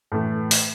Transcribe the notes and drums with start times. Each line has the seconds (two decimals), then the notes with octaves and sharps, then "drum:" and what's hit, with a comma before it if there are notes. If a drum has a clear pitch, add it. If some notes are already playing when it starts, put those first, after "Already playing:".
0.12 A2 E3 A3
0.51 drum: open hi-hat